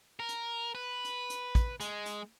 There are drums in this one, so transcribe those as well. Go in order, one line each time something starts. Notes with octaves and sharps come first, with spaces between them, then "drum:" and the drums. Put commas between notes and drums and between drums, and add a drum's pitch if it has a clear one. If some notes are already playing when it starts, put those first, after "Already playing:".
A#4
drum: hi-hat
B4
drum: hi-hat
drum: hi-hat
drum: kick, hi-hat
G#3, drum: hi-hat
drum: hi-hat